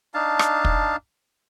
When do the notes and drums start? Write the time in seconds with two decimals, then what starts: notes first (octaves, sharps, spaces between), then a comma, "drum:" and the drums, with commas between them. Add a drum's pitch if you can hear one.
0.14 D4 D#4 F5 A5
0.39 drum: rim click
0.65 drum: kick